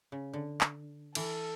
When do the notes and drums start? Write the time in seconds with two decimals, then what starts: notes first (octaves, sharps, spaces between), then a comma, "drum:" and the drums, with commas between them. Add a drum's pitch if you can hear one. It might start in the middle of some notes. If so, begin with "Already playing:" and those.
0.12 C#3
0.33 D3
0.61 drum: clap
1.15 E3 A4, drum: cymbal